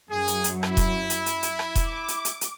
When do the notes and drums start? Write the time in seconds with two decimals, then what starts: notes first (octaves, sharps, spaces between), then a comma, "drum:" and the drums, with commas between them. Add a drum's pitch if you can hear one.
0.11 F#2 F#3 G#4
0.28 drum: hi-hat
0.44 drum: hi-hat
0.63 E4, drum: rim click
0.77 drum: kick E1, hi-hat
1.10 drum: hi-hat
1.26 drum: hi-hat
1.43 drum: hi-hat
1.59 drum: rim click
1.75 drum: kick E1, hi-hat
1.86 D6
2.08 drum: hi-hat
2.25 drum: hi-hat
2.41 drum: hi-hat